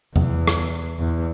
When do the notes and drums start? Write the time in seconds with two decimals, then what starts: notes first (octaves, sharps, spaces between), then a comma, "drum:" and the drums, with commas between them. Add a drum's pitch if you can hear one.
0.16 E2, drum: tom E2
0.47 drum: rim click
0.99 E2